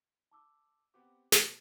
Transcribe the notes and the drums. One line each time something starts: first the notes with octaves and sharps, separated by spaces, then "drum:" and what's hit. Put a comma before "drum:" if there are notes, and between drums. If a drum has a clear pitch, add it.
A5 D6 E6
B3 C4 G4 D6
B2 A4 D5, drum: snare